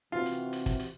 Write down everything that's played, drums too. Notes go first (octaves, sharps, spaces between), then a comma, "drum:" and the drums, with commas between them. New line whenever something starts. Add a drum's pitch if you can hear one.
C3 E3 F4 F#4
drum: hi-hat
drum: hi-hat
drum: kick, hi-hat
drum: hi-hat